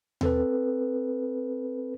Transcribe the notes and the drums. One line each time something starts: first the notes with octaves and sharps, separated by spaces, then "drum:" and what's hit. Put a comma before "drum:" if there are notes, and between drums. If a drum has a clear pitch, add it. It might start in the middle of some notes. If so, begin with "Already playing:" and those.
C4 A4 B4, drum: tom D#2